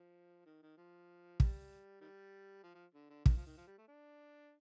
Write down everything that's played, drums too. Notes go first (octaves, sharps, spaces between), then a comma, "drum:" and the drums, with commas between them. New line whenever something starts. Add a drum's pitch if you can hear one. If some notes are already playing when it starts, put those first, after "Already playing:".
Already playing: F3
D#3
D#3
F3
G3, drum: kick
D#3 G3
F3
F3
D3
D3
D#3, drum: kick
F3
D#3
F3
G3
A3
D4